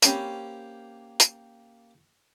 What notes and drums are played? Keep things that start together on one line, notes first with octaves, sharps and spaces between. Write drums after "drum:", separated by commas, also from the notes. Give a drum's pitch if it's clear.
A#3 C4 C#4 G4 B5, drum: hi-hat
drum: hi-hat